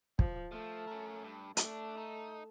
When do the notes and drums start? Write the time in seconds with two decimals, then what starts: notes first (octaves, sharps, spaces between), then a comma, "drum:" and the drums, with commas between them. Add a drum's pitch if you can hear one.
0.19 F3, drum: kick
0.52 F3 A3
0.87 C#4 A#4
1.24 G2
1.57 A3 D4, drum: hi-hat
1.97 D#4